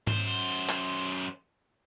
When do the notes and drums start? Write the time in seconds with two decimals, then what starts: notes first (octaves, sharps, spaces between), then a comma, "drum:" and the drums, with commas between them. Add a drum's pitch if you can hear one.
0.07 F#2 C5, drum: tom G#2
0.69 drum: clap